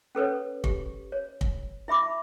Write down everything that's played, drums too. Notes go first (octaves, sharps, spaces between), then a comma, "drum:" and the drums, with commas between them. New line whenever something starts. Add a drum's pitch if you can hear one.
C#4 A4 B4 C#5
G4, drum: kick
C#5
drum: kick
E4 E5 B5 D6